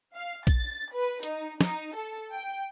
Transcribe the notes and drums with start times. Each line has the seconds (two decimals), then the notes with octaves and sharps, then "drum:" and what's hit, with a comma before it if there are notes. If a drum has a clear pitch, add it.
0.14 F5
0.47 A6, drum: kick, hi-hat
0.92 B4
1.23 D#4, drum: hi-hat
1.61 D#4, drum: snare
1.95 A4
2.33 G5